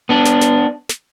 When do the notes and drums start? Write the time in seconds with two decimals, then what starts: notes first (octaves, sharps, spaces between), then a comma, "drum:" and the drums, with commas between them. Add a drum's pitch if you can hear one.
0.09 B3 D4
0.25 drum: snare
0.41 drum: snare
0.89 drum: snare